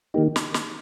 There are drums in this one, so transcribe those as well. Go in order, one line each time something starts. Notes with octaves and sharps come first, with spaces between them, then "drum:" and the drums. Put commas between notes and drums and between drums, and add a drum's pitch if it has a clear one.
D#3 A#3 D#4 G4
drum: snare
drum: snare